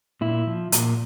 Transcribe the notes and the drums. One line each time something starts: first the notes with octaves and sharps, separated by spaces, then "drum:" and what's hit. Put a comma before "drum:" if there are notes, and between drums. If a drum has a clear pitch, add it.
A#2 E4
F3
A#2, drum: hi-hat